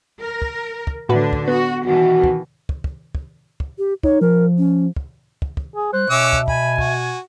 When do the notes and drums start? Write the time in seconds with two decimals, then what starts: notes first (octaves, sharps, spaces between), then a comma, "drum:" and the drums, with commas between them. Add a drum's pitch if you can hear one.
0.21 A#4
0.42 drum: kick
0.87 drum: kick
1.09 A2 D3 D4 F#4 B4
1.33 drum: kick
1.48 B3 F#4
1.87 B2 D#3 E3 F#4
2.24 drum: kick
2.69 drum: kick
2.84 drum: kick
3.15 drum: kick
3.60 drum: kick
3.78 G4
4.03 D#4 C#5, drum: kick
4.21 F3 A#4
4.58 C#4
4.96 drum: kick
5.42 drum: kick
5.57 drum: kick
5.75 G#4
5.93 G3 C5 F#6
6.10 B2 C#4 E5 D6 E6
6.33 drum: kick
6.48 G#5 B5, drum: kick
6.78 F#4, drum: kick